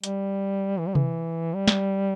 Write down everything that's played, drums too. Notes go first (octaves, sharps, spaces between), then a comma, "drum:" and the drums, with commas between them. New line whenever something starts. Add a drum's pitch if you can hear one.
G3, drum: hi-hat
E3
G3
E3, drum: tom C3
G3
drum: snare